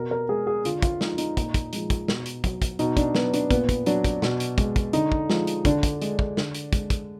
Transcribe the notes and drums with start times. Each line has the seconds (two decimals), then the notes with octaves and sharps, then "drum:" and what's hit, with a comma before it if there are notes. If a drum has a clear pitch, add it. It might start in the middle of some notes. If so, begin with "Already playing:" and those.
Already playing: B2 A#4
0.11 A#4
0.29 G#3 G#4
0.47 G#4
0.65 D3 F4, drum: hi-hat
0.82 F4, drum: kick, hi-hat
1.01 F3 G#3 D#4, drum: snare
1.18 D#4, drum: hi-hat
1.37 A#2, drum: kick, hi-hat
1.54 drum: kick, hi-hat
1.73 F3 G#3, drum: hi-hat
1.90 drum: kick, hi-hat
2.08 B2, drum: snare
2.26 drum: hi-hat
2.44 F#3, drum: kick, hi-hat
2.62 drum: kick, hi-hat
2.79 B2 D#4, drum: hi-hat
2.97 D4, drum: kick, hi-hat
3.15 F#3 B3, drum: snare
3.34 D4, drum: hi-hat
3.51 A#2 B3, drum: kick, hi-hat
3.69 drum: kick, hi-hat
3.86 F#3 D4, drum: hi-hat
4.04 drum: kick, hi-hat
4.22 B2, drum: snare
4.40 drum: hi-hat
4.58 G#3, drum: kick, hi-hat
4.76 drum: kick, hi-hat
4.93 D3 D#4, drum: hi-hat
5.12 drum: kick
5.30 F3 G#3, drum: snare
5.47 drum: hi-hat
5.65 D3 D4, drum: kick, hi-hat
5.83 drum: kick, hi-hat
6.02 G#3, drum: hi-hat
6.19 drum: kick
6.37 D3, drum: snare
6.55 drum: hi-hat
6.73 G#3, drum: kick, hi-hat
6.90 drum: kick, hi-hat